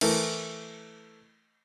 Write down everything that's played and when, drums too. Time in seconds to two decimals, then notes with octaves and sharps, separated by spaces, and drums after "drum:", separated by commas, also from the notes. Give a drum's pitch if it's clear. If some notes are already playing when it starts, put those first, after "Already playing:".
0.01 E3 A3 A#4, drum: cymbal